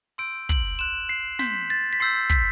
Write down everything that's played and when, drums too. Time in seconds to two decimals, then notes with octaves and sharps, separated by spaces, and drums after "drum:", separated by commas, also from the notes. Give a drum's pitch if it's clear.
0.18 C6 E6 G6 D7
0.49 F#7, drum: kick
0.79 C6 F#6 E7
1.09 C7
1.39 C6 G6 B6, drum: snare
1.70 A6
1.93 B6
2.00 C6 E6 G6 C7
2.30 B6, drum: kick